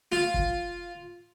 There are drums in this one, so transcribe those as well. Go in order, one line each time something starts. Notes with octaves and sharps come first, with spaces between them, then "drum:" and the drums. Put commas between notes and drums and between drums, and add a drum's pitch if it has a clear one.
F4, drum: snare
drum: kick